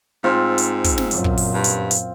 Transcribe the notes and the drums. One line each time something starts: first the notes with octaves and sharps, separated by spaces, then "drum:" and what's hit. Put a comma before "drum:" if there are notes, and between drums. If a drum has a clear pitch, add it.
G#2 C4 F4
drum: hi-hat
drum: kick, hi-hat
drum: snare
F#2 A#2, drum: hi-hat
drum: kick
drum: open hi-hat
G2
drum: hi-hat
drum: hi-hat